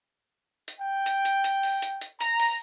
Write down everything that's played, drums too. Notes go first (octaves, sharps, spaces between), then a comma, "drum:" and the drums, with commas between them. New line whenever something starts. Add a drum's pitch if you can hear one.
drum: hi-hat
G5
drum: hi-hat
drum: hi-hat
drum: hi-hat
drum: open hi-hat
drum: hi-hat
drum: hi-hat
A#5, drum: hi-hat
drum: open hi-hat